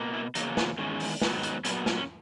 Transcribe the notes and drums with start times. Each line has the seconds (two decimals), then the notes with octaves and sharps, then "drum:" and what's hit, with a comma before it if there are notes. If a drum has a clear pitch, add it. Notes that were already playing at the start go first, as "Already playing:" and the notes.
Already playing: B2 A#3
0.13 E4
0.35 E2 C#3 F#3 A#3 D#4, drum: hi-hat
0.57 B3, drum: snare
0.78 E2 D#3 G#3 C#4
1.00 drum: open hi-hat
1.22 G#2 D#3 F#3 B3, drum: snare
1.43 drum: hi-hat
1.65 A#2 F#3 B3 C#4, drum: hi-hat
1.76 B3
1.86 C#4, drum: snare
1.97 C#4